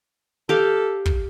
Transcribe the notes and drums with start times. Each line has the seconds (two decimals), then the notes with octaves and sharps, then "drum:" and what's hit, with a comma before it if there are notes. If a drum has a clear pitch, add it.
0.49 G4 A4 F5
1.06 drum: kick